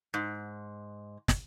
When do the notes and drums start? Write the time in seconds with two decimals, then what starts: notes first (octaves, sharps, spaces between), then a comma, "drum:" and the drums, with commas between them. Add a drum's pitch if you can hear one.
0.14 G#2
1.28 drum: snare